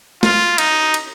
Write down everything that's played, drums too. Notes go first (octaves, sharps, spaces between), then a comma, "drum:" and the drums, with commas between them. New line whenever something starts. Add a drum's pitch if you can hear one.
F4, drum: snare
D#4, drum: cymbal
drum: cymbal